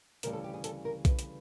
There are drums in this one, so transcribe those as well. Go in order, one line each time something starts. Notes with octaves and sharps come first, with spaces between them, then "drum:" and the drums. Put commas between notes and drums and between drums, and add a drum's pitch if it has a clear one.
D2 C#3 E3 G3 A#4, drum: hi-hat
A4
G4
G#4
A4, drum: hi-hat
A#4
B4, drum: kick B1, hi-hat
drum: hi-hat